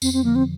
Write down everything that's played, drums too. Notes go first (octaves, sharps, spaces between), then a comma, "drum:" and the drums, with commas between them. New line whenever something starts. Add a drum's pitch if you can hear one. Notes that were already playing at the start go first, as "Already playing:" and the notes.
F2 C4, drum: tambourine
C4
D3 F3 A#3
C4